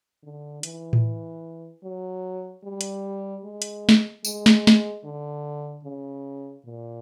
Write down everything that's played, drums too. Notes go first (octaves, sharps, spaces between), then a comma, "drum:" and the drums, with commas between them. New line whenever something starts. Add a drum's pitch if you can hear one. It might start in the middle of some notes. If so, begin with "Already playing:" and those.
D3
E3, drum: hi-hat
drum: tom A2
F#3
G3
drum: hi-hat
G#3
drum: hi-hat
drum: snare
G#3, drum: tambourine
drum: snare
drum: snare
D3
C#3
A#2